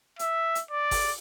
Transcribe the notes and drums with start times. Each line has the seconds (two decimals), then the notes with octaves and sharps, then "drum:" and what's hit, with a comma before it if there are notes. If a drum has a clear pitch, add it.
0.19 E5, drum: hi-hat
0.55 drum: hi-hat
0.71 D5
0.91 drum: kick G1, open hi-hat